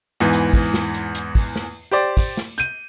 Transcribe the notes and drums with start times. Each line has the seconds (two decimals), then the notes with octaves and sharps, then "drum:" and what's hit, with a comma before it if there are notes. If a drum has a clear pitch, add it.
0.20 E2 G#2 E3
0.33 drum: hi-hat
0.53 drum: kick, open hi-hat
0.74 drum: snare
0.94 drum: hi-hat
1.15 drum: hi-hat
1.35 drum: kick, open hi-hat
1.56 drum: snare
1.91 G4 C5 D5
2.17 drum: kick, open hi-hat
2.37 drum: snare
2.58 G6 D#7, drum: hi-hat